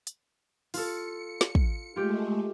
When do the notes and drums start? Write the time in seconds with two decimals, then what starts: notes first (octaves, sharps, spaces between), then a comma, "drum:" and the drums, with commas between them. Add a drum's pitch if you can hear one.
0.07 drum: hi-hat
0.74 F4 A4 C#7, drum: open hi-hat
1.41 drum: snare
1.55 drum: kick
1.96 G#3 A3 F4 G4